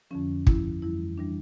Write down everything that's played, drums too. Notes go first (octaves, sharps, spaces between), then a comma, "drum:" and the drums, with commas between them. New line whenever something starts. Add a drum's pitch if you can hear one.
F2 D3 F3 C#4
G2 F3 E4, drum: kick
F2 E3 G3 E4
E3 G3 D4